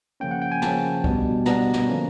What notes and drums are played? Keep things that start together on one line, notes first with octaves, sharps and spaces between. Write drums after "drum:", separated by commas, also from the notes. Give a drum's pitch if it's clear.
C#3 F3 A#3 C#4 G5
F#5
G5
G#5
C#3 F3 A#3 C#4 A5, drum: snare
B2 G3 B3 D4, drum: kick
B2 G3 B3 D4 A#5, drum: snare
drum: snare
D3 F3 A#3 C#4